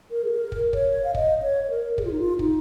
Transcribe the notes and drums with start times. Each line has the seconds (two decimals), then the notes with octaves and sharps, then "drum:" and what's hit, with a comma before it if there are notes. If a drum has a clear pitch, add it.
0.11 A#4
0.24 G#4
0.31 A#4
0.52 drum: kick
0.73 C#5, drum: kick
1.04 F5
1.15 D#5, drum: kick
1.42 C#5
1.64 C#5
1.70 A#4
1.98 G#4, drum: kick
2.05 F4
2.11 D#4
2.20 F4
2.39 D#4, drum: kick